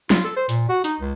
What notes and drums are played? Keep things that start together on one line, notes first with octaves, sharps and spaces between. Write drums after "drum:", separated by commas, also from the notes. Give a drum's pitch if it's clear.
F4, drum: snare
A4
C5
A#2, drum: hi-hat
F#4
D#4, drum: hi-hat
C#2